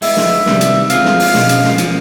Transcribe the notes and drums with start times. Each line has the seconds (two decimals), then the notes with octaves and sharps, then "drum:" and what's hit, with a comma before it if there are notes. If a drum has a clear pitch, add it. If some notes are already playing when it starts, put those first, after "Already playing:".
0.02 G#3 B3 E4 E5, drum: open hi-hat
0.17 drum: snare
0.46 C3 D#3 G3 B3, drum: snare
0.61 drum: hi-hat
0.90 G#3 C4 F4 G#4 F5, drum: hi-hat
1.05 drum: snare
1.20 drum: open hi-hat
1.34 B2 G#3 C#4, drum: snare
1.49 drum: hi-hat
1.64 drum: snare
1.78 F3 A#3 C#4, drum: hi-hat